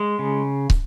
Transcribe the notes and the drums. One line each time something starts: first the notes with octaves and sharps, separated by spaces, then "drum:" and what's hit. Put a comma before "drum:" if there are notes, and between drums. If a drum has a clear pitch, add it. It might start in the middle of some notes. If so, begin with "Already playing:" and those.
Already playing: G#3
C#3
drum: kick